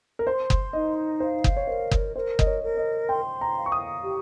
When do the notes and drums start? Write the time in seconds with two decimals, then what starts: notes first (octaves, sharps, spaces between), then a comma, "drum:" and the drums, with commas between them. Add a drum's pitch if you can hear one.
0.19 A#4
0.26 C5 C6
0.50 drum: kick F#1
0.73 D#4 D#5
1.20 C5 F5
1.44 drum: kick F#1
1.57 C#5
1.67 A#4 C5
1.91 drum: kick F#1
2.15 A#4 C5
2.39 D#5, drum: kick F#1
2.46 C#5
2.62 A#4
2.77 D#5
3.09 G5 C6
3.41 A#5
3.56 F5
3.66 C#6
3.72 D#6
4.04 G4